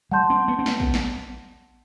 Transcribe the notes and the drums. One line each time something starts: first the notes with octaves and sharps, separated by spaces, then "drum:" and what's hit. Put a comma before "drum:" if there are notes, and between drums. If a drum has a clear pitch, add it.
G3 F#5 A5 C6 G6
C4
B3
C4
B3, drum: snare
drum: kick
drum: snare